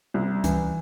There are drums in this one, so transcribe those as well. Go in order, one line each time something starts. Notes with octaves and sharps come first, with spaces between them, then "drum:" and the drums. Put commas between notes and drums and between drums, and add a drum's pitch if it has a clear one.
C2
E3, drum: kick C#2, hi-hat